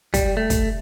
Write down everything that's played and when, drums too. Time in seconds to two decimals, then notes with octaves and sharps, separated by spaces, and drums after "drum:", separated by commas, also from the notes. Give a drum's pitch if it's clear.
0.14 G3, drum: kick, hi-hat
0.37 A3
0.50 drum: kick, hi-hat